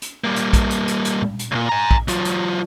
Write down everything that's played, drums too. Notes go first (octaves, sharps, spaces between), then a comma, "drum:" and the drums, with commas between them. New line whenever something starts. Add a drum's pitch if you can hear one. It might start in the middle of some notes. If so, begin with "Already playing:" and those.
drum: hi-hat
G3 A#3
drum: hi-hat
drum: kick, hi-hat
drum: hi-hat
drum: hi-hat
drum: hi-hat
drum: tom A#2
drum: hi-hat
C#2 A#2
G#5 A#5
drum: kick
F#3 F4, drum: hi-hat
drum: hi-hat